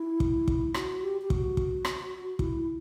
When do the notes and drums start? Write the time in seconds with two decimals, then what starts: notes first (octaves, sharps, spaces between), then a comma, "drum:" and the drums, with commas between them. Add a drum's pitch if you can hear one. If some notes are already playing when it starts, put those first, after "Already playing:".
Already playing: E4
0.20 drum: kick
0.48 drum: kick
0.74 F#4, drum: rim click
1.02 G4
1.21 G4
1.30 F#4, drum: kick
1.57 drum: kick
1.85 drum: rim click
2.39 E4, drum: kick